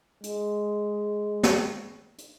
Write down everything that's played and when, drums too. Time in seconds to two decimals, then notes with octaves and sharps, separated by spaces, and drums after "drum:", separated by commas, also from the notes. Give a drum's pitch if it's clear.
0.24 G#3, drum: hi-hat
1.43 drum: snare
2.18 drum: hi-hat